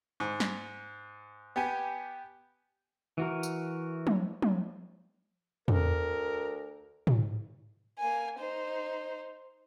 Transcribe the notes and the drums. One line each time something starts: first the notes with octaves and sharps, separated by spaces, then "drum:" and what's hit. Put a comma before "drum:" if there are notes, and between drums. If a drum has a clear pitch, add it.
G#2
drum: snare
B3 G4 G#5
E3 F#4 A#4
drum: tambourine
drum: tom
drum: tom
D2 A#4, drum: tom
drum: tom
A#3 G#5
D#4 C5